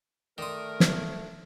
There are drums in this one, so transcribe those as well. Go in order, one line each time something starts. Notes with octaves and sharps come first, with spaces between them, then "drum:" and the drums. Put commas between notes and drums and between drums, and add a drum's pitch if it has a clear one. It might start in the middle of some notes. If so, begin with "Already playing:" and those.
D#3 A3 A#4 D5 C6 D#6
drum: snare